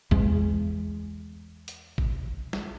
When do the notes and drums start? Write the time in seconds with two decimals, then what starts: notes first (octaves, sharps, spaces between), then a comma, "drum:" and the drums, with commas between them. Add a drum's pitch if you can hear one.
0.11 E2 G#3, drum: kick G#1
1.68 drum: hi-hat
1.98 drum: kick G#1
2.53 drum: snare